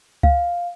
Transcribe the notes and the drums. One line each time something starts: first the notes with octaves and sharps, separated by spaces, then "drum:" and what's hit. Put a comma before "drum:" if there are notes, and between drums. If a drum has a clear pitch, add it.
F5, drum: kick C#2